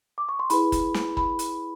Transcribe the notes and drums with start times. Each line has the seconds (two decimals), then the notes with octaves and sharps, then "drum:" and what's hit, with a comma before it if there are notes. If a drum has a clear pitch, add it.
0.18 D6
0.29 C#6
0.40 C6
0.50 E4 G#4 B4 B5, drum: hi-hat
0.72 drum: kick, hi-hat
0.94 drum: snare
1.17 B5, drum: kick
1.39 drum: hi-hat